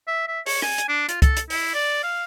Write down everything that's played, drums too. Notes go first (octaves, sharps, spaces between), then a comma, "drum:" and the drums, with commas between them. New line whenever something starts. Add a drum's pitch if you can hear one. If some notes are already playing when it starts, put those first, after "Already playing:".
E5
E5
C#5, drum: open hi-hat
G#5, drum: rim click
drum: hi-hat
D4
F4, drum: hi-hat
A4, drum: kick C2, hi-hat
drum: hi-hat
E4, drum: open hi-hat
D5
F5